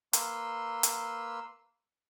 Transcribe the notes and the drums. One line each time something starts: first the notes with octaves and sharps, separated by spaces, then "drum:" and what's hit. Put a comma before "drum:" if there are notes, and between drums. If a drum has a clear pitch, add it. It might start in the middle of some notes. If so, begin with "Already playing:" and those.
A#3 B4 C6 E6, drum: hi-hat
drum: hi-hat